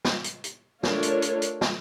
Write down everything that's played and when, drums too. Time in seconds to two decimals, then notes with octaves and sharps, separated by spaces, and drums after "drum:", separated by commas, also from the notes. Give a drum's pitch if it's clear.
0.05 drum: snare
0.24 drum: hi-hat
0.44 drum: hi-hat
0.83 A3 D4 F4 A#4 C#5, drum: snare
1.03 drum: hi-hat
1.22 drum: hi-hat
1.42 drum: hi-hat
1.61 drum: snare